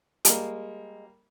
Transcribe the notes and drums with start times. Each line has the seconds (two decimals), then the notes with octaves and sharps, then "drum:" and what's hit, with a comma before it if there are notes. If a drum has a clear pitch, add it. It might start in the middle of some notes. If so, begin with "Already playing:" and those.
0.25 G3 G#3 A#3, drum: hi-hat